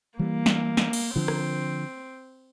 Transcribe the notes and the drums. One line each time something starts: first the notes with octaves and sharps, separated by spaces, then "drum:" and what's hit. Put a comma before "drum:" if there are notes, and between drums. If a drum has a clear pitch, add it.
E3 G3 A#3
drum: snare
drum: snare
drum: cymbal
D3 F3 C4
drum: rim click